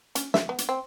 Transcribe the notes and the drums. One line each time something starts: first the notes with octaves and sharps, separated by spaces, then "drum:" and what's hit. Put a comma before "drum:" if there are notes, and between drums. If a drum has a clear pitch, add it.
C#4, drum: hi-hat
E5, drum: snare
B3
drum: hi-hat
C4